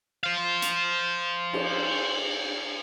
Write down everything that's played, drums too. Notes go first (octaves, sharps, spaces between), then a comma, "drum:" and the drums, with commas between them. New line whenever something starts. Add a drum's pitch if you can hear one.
C5 F5
drum: hi-hat
drum: cymbal